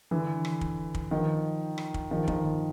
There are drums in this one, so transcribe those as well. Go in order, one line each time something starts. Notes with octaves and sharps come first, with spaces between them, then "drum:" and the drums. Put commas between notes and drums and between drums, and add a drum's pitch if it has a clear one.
D3 E3
drum: rim click
drum: kick
drum: kick
D#3 F3
drum: rim click
drum: kick
D#3 F3
D#3 F3, drum: kick